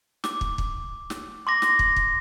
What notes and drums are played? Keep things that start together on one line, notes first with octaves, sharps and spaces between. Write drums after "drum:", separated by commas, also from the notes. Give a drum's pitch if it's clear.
D6, drum: snare
drum: kick
drum: kick
drum: snare
C6 D6 A#6
drum: snare
drum: kick
drum: kick